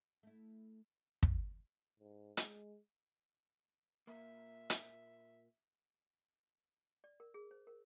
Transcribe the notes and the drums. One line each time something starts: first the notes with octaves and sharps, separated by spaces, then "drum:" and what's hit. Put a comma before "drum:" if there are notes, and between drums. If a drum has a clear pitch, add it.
A3 E4
drum: kick
G#2
G#3, drum: hi-hat
A#2 A#3 E5
drum: hi-hat
D5
A#4
G#4
C5
A#4